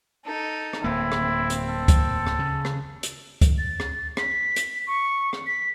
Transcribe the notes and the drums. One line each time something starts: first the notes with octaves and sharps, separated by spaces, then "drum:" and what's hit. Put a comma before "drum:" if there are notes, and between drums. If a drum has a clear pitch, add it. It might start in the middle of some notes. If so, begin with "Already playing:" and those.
D#4 A4
drum: rim click
D1 A#3 C4 E4
drum: rim click
drum: hi-hat
A4
drum: kick C#2, hi-hat
drum: rim click
C#3
drum: rim click
drum: hi-hat
drum: kick C#2, hi-hat
A6
drum: rim click
B6, drum: rim click
drum: hi-hat
C#6
drum: rim click
B6